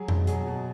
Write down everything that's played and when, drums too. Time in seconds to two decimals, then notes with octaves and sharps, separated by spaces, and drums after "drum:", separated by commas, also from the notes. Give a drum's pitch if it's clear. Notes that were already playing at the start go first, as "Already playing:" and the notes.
Already playing: F#3 G#4
0.08 B2, drum: tom F2
0.27 F#3 G#4, drum: hi-hat
0.47 B2